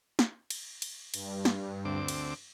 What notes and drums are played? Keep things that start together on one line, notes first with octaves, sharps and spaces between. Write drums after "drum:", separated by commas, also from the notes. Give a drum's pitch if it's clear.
drum: snare
drum: cymbal
drum: cymbal
G2, drum: cymbal
drum: snare
D2 C4 D6
drum: cymbal